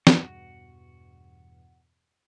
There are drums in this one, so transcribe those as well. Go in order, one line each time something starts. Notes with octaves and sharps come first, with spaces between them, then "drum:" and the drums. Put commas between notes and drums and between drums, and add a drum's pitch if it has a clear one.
E2 G2 B2 F#4, drum: snare